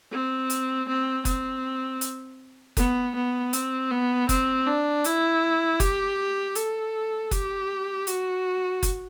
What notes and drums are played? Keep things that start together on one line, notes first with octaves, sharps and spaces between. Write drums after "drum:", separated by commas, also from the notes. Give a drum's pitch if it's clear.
C4
drum: hi-hat
C4
C4, drum: kick F#1, hi-hat
drum: hi-hat
B3, drum: kick F#1, hi-hat
B3
C4, drum: hi-hat
B3
C4, drum: kick F#1, hi-hat
D4
E4, drum: hi-hat
G4, drum: kick F#1, hi-hat
A4, drum: hi-hat
G4, drum: kick F#1, hi-hat
F#4, drum: hi-hat
drum: kick F#1, hi-hat